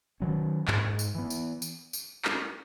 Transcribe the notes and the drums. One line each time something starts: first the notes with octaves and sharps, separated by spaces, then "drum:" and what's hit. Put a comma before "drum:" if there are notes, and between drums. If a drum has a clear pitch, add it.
D#3 F#3 C#4
G#2, drum: clap
drum: tambourine
E3 B3
drum: tambourine
drum: tambourine
drum: tambourine
drum: clap